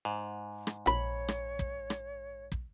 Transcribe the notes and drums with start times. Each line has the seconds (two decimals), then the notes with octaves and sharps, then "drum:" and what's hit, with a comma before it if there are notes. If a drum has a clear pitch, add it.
0.05 G#2
0.67 drum: rim click
0.87 A#1 C#5 B5
1.28 drum: rim click
1.59 drum: kick
1.90 drum: rim click
2.52 drum: kick